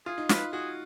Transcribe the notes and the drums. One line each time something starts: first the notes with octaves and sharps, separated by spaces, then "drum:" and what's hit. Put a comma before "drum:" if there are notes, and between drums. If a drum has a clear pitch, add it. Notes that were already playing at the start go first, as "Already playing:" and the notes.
F4 G#4
D#4
F4 B4, drum: snare
F#4 G#4